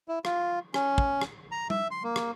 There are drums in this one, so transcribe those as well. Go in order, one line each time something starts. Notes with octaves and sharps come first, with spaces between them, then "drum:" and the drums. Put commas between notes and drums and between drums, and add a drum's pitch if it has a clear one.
E4
F4, drum: rim click
C#4, drum: rim click
drum: kick
drum: rim click
A#5
E5, drum: tom G3
C6
A#3
drum: rim click